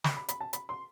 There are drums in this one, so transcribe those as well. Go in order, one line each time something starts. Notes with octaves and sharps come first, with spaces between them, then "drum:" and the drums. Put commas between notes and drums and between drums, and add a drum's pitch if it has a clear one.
B5, drum: snare
B5
B5, drum: hi-hat
A5
B5, drum: hi-hat
C6